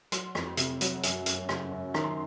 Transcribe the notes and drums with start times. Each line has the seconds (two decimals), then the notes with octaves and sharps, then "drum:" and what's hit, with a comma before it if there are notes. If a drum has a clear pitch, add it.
0.12 F#3 C6, drum: hi-hat
0.35 F2, drum: rim click
0.57 C3, drum: hi-hat
0.81 F#3, drum: hi-hat
1.03 F#2, drum: hi-hat
1.26 F#2, drum: hi-hat
1.49 C#3, drum: rim click
1.72 F#2
1.94 D#3 A#5, drum: rim click
2.04 C6